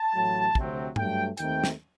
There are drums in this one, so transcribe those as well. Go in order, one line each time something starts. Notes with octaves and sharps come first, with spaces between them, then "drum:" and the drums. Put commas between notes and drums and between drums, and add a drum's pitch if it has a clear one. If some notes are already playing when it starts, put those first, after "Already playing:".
Already playing: A5
A1 A2 F#3
D2 C3 F#3 C4, drum: kick
G2 F#3 A3 G5, drum: tom G#2
D#2 D#3 A3 C4 G5, drum: hi-hat
drum: snare